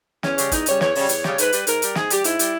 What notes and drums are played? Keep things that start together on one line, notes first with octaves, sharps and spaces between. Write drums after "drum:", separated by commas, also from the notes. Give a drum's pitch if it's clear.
E2 C#4, drum: snare
C#3 G3, drum: hi-hat
E2 D#4, drum: kick, hi-hat
C#3 G3 C#5, drum: hi-hat
E2 C#5, drum: snare
C#3 G3 C#5, drum: open hi-hat
E2, drum: hi-hat
C#3 G3, drum: snare
G#2 B4, drum: hi-hat
G3, drum: hi-hat
G#2 A#4, drum: hi-hat
G3, drum: hi-hat
G#2 G#4, drum: snare
G3 G4, drum: hi-hat
G#2 E4, drum: hi-hat
G3, drum: hi-hat